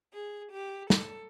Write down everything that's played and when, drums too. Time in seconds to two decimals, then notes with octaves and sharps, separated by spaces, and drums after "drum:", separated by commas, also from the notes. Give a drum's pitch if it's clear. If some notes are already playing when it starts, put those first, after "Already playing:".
0.12 G#4
0.51 G4
0.90 A4, drum: snare